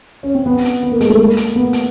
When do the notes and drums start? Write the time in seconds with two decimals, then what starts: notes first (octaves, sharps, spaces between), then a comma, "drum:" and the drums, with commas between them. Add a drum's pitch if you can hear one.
0.23 C#4
0.35 C4
0.46 B3
0.64 drum: hi-hat
0.83 B3
0.92 A#3
1.01 G#3, drum: hi-hat
1.10 A3
1.18 A#3
1.37 drum: hi-hat
1.55 B3
1.73 drum: hi-hat